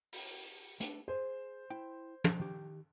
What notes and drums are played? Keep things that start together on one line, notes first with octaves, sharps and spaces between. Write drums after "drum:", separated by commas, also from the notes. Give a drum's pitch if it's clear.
drum: open hi-hat
A3 D4 B4, drum: hi-hat
G#4 C5
E4 G5
drum: tom
D#3 G4